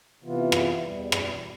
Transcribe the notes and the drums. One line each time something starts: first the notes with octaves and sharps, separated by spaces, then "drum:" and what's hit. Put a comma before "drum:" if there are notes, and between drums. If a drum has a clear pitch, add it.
C3 E3 B3 F4
drum: rim click
E2 B2 G3
drum: rim click